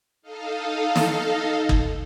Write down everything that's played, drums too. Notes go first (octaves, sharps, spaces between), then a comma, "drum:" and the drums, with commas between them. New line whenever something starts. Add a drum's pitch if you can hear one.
D#4 A4 D#5 F5
drum: snare
drum: kick